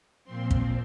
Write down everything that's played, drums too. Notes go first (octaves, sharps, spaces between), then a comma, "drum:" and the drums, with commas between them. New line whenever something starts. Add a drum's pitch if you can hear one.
A#2 F3 C4 C6
drum: kick